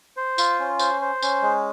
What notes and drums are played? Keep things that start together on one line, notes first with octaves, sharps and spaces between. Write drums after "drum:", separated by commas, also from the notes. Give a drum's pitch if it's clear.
C5
F4, drum: tambourine
C#4
C5, drum: tambourine
C5
C#4, drum: tambourine
G#3